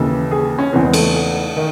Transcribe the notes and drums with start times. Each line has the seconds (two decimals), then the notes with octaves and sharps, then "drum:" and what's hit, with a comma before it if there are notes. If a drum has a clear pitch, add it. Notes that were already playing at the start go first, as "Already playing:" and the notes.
Already playing: D#2 C#3 E3 A4
0.31 G#4
0.58 C#4
0.73 E2 C#3 E3 C4
0.85 G#3
0.93 A3, drum: cymbal
1.57 D#3